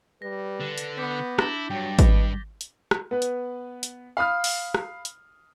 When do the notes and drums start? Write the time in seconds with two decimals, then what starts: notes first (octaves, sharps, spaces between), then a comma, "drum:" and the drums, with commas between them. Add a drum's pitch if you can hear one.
0.22 G3 B4 A#6
0.61 D3
0.78 drum: hi-hat
0.98 B3 D6 G6 B6
1.39 D4 E4 A6 A#6 G7, drum: rim click
1.70 G2 F#3 G5
1.99 B4 D#5, drum: kick, hi-hat
2.61 drum: hi-hat
2.91 drum: rim click
3.11 B3 B4
3.22 drum: hi-hat
3.83 drum: hi-hat
4.17 F5 B5 D#6 F6
4.44 drum: open hi-hat
4.74 drum: rim click
5.05 drum: hi-hat